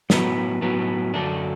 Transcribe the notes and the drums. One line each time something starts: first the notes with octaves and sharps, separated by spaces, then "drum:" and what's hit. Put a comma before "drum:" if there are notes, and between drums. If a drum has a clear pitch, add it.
A2 F#3 B3, drum: snare
A2 F#3 B3
F#2 D3 F#3 A3 D4